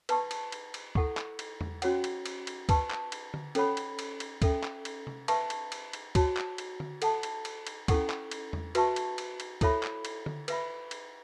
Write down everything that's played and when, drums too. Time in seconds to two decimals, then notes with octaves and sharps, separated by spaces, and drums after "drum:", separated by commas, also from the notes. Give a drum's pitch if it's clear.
0.09 B4 A5 C#6, drum: cymbal
0.31 drum: cymbal
0.52 drum: cymbal
0.74 drum: cymbal
0.95 E4 A4 F#5 C#6, drum: kick
1.17 drum: clap
1.39 drum: cymbal
1.61 drum: tom E2
1.82 C#4 F#4 C#5 F#5, drum: cymbal
2.04 drum: cymbal
2.26 drum: cymbal
2.47 drum: cymbal
2.69 B4 A5 C#6, drum: kick, cymbal
2.90 drum: clap
3.12 drum: cymbal
3.34 drum: tom D3
3.55 C#4 A4 C#5 F#5 B5, drum: cymbal
3.77 drum: cymbal
3.99 drum: cymbal
4.20 drum: cymbal
4.42 C#4 A4 E5, drum: kick, cymbal
4.64 drum: clap
4.85 drum: cymbal
5.07 drum: tom C3
5.28 B4 E5 A5 C#6, drum: cymbal
5.50 drum: cymbal
5.72 drum: cymbal
5.93 drum: cymbal
6.15 F#4 C#5 A5, drum: kick, cymbal
6.37 drum: clap
6.58 drum: cymbal
6.80 drum: tom D3
7.02 A4 F#5 A5, drum: cymbal
7.23 drum: cymbal
7.45 drum: cymbal
7.67 drum: cymbal
7.88 C#4 E4 A4 F#5 C#6, drum: kick, cymbal
8.10 drum: clap
8.31 drum: cymbal
8.53 drum: tom E2
8.75 F#4 B4 E5 A5 C#6, drum: cymbal
8.96 drum: cymbal
9.18 drum: cymbal
9.40 drum: cymbal
9.61 E4 A4 C#5 E5 B5, drum: kick, cymbal
9.83 drum: clap
10.05 drum: cymbal
10.26 drum: tom D3
10.48 B4 E5 B5, drum: cymbal
10.91 drum: cymbal